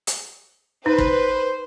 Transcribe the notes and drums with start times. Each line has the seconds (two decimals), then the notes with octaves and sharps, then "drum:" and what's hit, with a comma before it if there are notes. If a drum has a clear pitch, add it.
0.07 drum: hi-hat
0.86 D#4 B4 C5
0.98 drum: kick